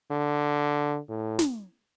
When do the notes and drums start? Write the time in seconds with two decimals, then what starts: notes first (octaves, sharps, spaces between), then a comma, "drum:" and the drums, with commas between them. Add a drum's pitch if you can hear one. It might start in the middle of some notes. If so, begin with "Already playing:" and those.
0.11 D3
1.09 A2
1.39 drum: snare